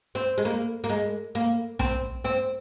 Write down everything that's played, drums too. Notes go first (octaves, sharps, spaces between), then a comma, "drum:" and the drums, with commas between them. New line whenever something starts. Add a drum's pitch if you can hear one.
C4
G#3
A#3
A#3
G#3
A#3
C4, drum: tom B1
C4